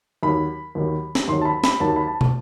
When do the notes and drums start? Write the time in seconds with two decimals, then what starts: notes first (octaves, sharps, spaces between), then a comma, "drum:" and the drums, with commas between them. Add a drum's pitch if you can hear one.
0.23 D#2 D#3 F#3 B5
0.75 D#2 D#3 F#3
1.15 drum: snare
1.28 D#2 D#3 F#3 C6
1.41 A5
1.45 B5
1.64 B5, drum: snare
1.80 D#2 D#3 F#3 A5
1.96 B5
2.07 A5
2.21 drum: tom